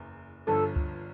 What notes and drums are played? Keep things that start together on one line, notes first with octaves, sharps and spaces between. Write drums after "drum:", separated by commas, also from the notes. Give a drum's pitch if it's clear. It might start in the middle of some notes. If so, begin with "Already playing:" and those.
Already playing: F#1 E2
G1 G2 D3 F3 A4
drum: kick C#2